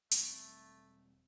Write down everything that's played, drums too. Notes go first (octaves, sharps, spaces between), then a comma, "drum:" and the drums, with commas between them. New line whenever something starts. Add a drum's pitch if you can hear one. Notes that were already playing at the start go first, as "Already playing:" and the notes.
E1 G3 A3 C4, drum: hi-hat